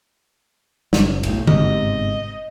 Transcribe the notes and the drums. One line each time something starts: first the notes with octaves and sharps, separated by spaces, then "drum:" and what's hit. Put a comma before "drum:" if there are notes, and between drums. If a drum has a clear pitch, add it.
F#1, drum: snare
B1 A2, drum: cymbal
G1 G#2 C3 D#5, drum: tom